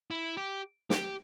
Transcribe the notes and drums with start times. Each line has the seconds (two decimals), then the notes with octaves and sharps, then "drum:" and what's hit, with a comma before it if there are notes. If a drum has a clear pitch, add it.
0.11 E4
0.37 G4
0.90 G4, drum: snare